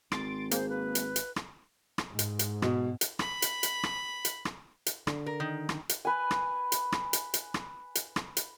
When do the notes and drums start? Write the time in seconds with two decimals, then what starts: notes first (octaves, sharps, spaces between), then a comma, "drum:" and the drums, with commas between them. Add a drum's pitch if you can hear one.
0.12 G#1 C6 A6 D7, drum: rim click
0.51 A#3 G#4 C5, drum: hi-hat
0.70 B4
0.95 drum: hi-hat
1.16 drum: hi-hat
1.36 drum: rim click
1.98 drum: rim click
2.10 G#2
2.19 drum: hi-hat
2.39 drum: hi-hat
2.62 B2, drum: rim click
3.01 drum: hi-hat
3.19 B5, drum: rim click
3.42 drum: hi-hat
3.63 drum: hi-hat
3.83 drum: rim click
4.25 drum: hi-hat
4.45 drum: rim click
4.86 drum: hi-hat
5.07 D3, drum: rim click
5.26 A#4
5.40 D#3
5.69 drum: rim click
5.89 drum: hi-hat
6.05 B4 G#5
6.31 drum: rim click
6.72 drum: hi-hat
6.92 drum: rim click
7.13 drum: hi-hat
7.34 drum: hi-hat
7.54 drum: rim click
7.95 drum: hi-hat
8.16 drum: rim click
8.37 drum: hi-hat